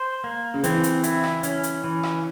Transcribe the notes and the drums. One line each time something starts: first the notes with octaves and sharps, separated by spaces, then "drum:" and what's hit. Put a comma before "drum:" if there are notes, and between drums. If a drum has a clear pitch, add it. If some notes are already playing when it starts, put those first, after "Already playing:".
Already playing: C5
A#3
C#3
E3 C4, drum: hi-hat
drum: hi-hat
E4, drum: hi-hat
drum: rim click
C#4, drum: hi-hat
drum: hi-hat
E3
drum: rim click